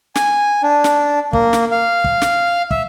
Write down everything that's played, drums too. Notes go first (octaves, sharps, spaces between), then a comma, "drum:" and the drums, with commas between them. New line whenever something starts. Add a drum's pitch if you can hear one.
G#5, drum: snare
D4
drum: snare
A#3, drum: kick
drum: snare
F5
drum: kick
drum: snare
E5, drum: kick